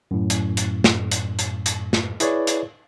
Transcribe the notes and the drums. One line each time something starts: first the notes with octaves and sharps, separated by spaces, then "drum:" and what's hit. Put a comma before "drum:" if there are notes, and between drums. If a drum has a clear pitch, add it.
F#2 A2
drum: hi-hat
drum: hi-hat
drum: snare
drum: hi-hat
drum: hi-hat
drum: hi-hat
drum: snare
E4 G#4 B4 C#5 D5, drum: hi-hat
drum: hi-hat